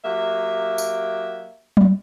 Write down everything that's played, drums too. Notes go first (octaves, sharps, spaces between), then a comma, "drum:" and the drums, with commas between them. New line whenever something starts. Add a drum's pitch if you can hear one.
F#3 A#3 G4 E5
drum: tambourine
drum: tom F#3